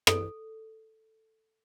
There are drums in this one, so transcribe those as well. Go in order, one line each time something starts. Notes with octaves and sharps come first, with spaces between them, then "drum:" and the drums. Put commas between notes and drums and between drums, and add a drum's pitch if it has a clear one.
A4, drum: rim click